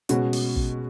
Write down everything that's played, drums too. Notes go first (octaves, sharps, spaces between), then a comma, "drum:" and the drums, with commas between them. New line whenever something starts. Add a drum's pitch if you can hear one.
B2 G#3 C#4 F#4, drum: hi-hat
drum: open hi-hat
drum: kick